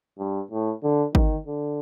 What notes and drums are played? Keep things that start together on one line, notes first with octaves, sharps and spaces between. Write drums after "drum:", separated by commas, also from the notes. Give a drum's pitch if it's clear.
G2
A2
D3
D#3, drum: kick
D3